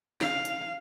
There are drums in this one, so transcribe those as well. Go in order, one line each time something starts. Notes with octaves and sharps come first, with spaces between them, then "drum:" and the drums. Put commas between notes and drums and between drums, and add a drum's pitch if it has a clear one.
F5, drum: snare
drum: hi-hat